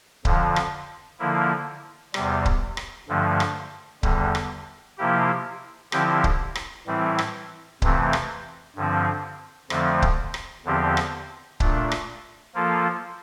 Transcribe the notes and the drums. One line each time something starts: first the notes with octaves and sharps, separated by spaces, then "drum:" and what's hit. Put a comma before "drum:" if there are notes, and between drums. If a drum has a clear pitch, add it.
F2 D3 F3, drum: kick C#1
drum: rim click
D3 F3 A#3 E4
E2 C3 G3, drum: rim click
drum: kick C#1
drum: rim click
G2 D3 F3 A3
drum: rim click
E2 D3 G3, drum: kick C#1
drum: rim click
C3 F3 A#3 E4 G4
D3 F3 C4 E4 G4, drum: rim click
drum: kick C#1
drum: rim click
A2 E3 G3 C4 E4
drum: rim click
F2 C3 E3 A3 C4, drum: kick C#1
drum: rim click
G2 D3 F3 C4
F2 D3 F3 A3 C4, drum: rim click
drum: kick C#1
drum: rim click
E2 D3 F3 C4 G4
drum: rim click
A#2 A3 D4, drum: kick C#1
drum: rim click
F3 A#3 F4 A4